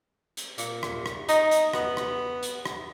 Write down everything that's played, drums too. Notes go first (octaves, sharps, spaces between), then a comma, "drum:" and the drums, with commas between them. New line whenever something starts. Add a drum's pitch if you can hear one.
drum: hi-hat
A#2, drum: hi-hat
drum: rim click
drum: rim click
D#4, drum: hi-hat
drum: hi-hat
B3, drum: rim click
drum: rim click
drum: hi-hat
drum: rim click